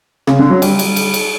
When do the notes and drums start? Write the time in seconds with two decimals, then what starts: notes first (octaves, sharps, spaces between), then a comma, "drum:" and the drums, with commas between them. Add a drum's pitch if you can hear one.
0.27 C#3, drum: rim click
0.39 D3
0.50 F#3
0.62 G3, drum: cymbal
0.79 drum: cymbal
0.96 drum: cymbal
1.14 drum: cymbal